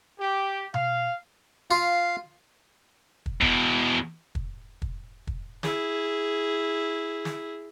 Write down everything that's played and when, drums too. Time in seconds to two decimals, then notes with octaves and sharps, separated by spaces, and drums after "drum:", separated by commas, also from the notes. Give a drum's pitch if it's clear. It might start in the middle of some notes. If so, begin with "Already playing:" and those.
0.20 G4
0.74 F5, drum: tom B2
1.71 F4 F5
3.26 drum: kick
3.41 E2 B2, drum: kick
4.35 drum: kick
4.82 drum: kick
5.27 drum: kick
5.63 E4 G#4, drum: snare
7.25 drum: snare